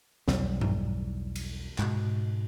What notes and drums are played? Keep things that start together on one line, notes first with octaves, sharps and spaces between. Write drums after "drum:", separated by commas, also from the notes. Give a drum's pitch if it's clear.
B1 E2 F#3 G3, drum: snare
drum: tom G2
drum: cymbal
G#2 B2, drum: clap